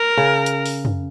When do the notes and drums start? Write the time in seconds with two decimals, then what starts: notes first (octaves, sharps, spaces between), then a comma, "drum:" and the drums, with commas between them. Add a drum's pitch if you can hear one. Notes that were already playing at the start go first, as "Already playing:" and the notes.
Already playing: A#4
0.17 C#3
0.46 drum: hi-hat
0.66 drum: open hi-hat
0.85 drum: tom